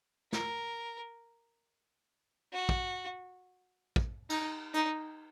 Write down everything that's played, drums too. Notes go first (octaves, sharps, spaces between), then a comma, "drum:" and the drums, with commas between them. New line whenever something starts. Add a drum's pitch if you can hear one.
A#4, drum: snare
F#4
drum: kick
drum: kick
D#4, drum: cymbal
D#4, drum: hi-hat